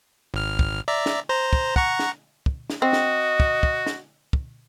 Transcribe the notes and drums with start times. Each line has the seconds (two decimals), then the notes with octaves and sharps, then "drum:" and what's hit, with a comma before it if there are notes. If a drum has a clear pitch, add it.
0.34 G#1 F6
0.59 drum: kick
0.88 D5 E5 A#5
1.06 drum: snare
1.29 C5 A#5
1.53 drum: kick
1.76 F#5 A#5 C#6, drum: kick
1.99 drum: snare
2.46 drum: kick
2.70 drum: snare
2.82 C4 F#4 D#5
2.93 drum: snare
3.40 drum: kick
3.63 drum: kick
3.86 drum: snare
4.33 drum: kick